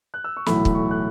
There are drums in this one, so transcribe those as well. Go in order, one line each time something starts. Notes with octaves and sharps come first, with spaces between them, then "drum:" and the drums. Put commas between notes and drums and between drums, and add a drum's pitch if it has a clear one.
F#6
E6
C#6
B1 A2 E3 A3 B5, drum: snare
drum: kick
C#6
F#6